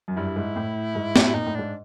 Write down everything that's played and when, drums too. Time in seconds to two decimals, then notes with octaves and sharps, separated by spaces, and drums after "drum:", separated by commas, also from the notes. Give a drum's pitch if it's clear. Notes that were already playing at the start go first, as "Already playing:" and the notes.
0.08 F#2
0.16 G2 E4
0.27 G2
0.36 G#2
0.56 A2
0.95 G#2
1.16 A2, drum: snare
1.34 A#2 D#4
1.46 A2
1.55 G#2 D4